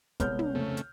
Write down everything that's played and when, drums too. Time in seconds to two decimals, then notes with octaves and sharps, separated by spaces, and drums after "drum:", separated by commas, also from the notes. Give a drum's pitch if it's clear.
0.20 C2 G#3 B3 C#5 F6 G6, drum: kick, hi-hat
0.39 drum: tom
0.55 F2 C#3 A3 C4
0.77 drum: hi-hat